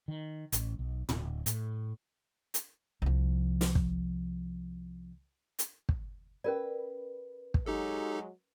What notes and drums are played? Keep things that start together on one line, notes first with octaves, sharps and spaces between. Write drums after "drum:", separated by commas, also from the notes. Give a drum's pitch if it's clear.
D#3
A1, drum: hi-hat
B1
D1, drum: tom
A2, drum: hi-hat
drum: hi-hat
C2 F3
drum: snare
drum: kick
drum: hi-hat
drum: kick
C#4 A#4 B4 D5
drum: kick
F#3 G#3 D#4 G4 A4